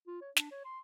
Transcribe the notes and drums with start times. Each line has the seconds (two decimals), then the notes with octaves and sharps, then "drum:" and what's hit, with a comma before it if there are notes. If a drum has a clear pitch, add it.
0.07 F4
0.21 C#5
0.36 D4, drum: snare
0.51 C#5
0.65 C6